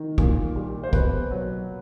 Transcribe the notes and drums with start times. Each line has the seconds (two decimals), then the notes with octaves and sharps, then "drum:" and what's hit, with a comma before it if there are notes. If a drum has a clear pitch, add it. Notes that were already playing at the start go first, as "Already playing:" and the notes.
Already playing: D#3
0.18 A#2, drum: kick
0.56 G3
0.84 C5
0.93 B2 B4, drum: kick
1.31 F#3